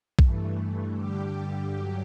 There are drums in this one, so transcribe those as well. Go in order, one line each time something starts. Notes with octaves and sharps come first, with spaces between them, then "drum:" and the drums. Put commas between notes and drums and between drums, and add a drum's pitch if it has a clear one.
G2 E3 A3, drum: kick
G2 D3 G3 G4
G2 F#3 G4